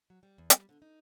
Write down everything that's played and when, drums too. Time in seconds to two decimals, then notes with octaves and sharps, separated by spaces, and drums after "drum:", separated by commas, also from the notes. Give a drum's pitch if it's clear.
0.10 F#3
0.23 G3
0.38 E2
0.50 G3, drum: hi-hat
0.69 D3
0.82 D#4